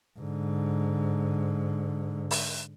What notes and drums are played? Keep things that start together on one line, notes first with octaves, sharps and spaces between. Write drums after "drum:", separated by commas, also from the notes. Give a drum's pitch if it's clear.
G#2 D3
drum: open hi-hat